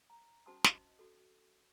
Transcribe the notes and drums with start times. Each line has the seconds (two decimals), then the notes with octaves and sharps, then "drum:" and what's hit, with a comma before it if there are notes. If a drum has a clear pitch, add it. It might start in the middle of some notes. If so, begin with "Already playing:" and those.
0.10 A#5
0.46 C#4 F#4 C5 A5 C6 D#6
0.64 D#5, drum: snare
0.99 F#4 A4